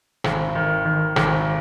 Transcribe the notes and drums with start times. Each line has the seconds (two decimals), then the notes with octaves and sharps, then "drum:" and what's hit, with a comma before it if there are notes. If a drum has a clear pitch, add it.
0.24 G#1, drum: rim click
0.55 D#3
0.85 D#3
1.16 G#1, drum: rim click